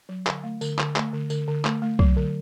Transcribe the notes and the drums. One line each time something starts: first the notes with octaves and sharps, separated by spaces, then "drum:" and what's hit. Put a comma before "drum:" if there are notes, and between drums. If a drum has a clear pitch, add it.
F#3
D3, drum: clap
A3
D3, drum: tambourine
D3, drum: clap
A3, drum: clap
D3
D3, drum: tambourine
D3
A3, drum: clap
A3
F#3, drum: kick C2
D3